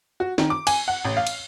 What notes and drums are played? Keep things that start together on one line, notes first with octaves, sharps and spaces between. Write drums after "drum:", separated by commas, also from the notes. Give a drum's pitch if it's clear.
F#4
D#3, drum: snare
D6
G#5, drum: cymbal
F#5
A1
F5
drum: cymbal